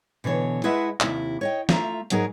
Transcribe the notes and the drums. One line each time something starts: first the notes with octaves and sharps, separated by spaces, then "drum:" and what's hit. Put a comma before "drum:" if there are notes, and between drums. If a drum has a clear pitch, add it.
B2 D3 E3 C#5
G#3 E4 B4 D#5 E5 F#5
D#2 C3 E4, drum: clap
C#5 D#5 G5
A3 F4 E5 A#5, drum: snare
G#2 F#3 D#4 G#4 A#4, drum: hi-hat